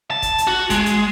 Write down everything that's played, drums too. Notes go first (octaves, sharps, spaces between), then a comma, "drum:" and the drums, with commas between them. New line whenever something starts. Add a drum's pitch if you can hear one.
A5
drum: kick G1, hi-hat
drum: hi-hat
F#4
G#3, drum: kick G1, hi-hat
drum: hi-hat